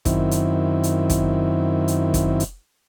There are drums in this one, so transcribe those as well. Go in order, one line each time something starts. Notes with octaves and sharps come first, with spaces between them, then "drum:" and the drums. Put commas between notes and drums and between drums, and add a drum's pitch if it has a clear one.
F#2 D#3 C4 E4, drum: kick, hi-hat
drum: hi-hat
drum: hi-hat
drum: kick, hi-hat
drum: hi-hat
drum: kick, hi-hat
drum: hi-hat